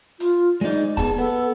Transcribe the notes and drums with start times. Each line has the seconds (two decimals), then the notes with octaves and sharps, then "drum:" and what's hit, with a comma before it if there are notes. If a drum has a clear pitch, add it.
0.20 F4, drum: hi-hat
0.61 G#3 D#4 D5
0.71 drum: hi-hat
0.97 B3 G#4 A5, drum: kick, hi-hat
1.18 B3 A4